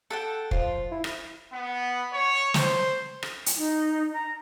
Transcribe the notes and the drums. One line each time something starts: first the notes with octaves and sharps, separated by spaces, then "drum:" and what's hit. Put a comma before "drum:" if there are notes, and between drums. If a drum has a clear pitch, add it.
A4 F#5 G5
F3 F4, drum: kick
E4
drum: rim click
B3
C#5
C5, drum: snare
drum: rim click
drum: hi-hat
D#4
A#5